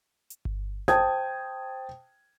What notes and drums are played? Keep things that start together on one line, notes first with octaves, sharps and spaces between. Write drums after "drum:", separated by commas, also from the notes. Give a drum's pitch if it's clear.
drum: hi-hat
drum: kick G1
C5 G5 A5 D#6 G#6, drum: snare G#1